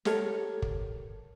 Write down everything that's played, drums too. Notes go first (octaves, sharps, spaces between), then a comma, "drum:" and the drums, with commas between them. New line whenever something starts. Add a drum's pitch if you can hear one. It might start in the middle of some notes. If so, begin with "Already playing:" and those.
G4 A4 A#4 C#5, drum: snare
drum: kick